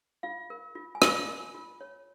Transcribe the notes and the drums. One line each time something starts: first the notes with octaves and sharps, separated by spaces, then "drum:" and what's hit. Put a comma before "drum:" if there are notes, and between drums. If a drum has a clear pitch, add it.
F4 F5
A#4
F4
G#5
F4 F5, drum: rim click
A#4
F4
C#5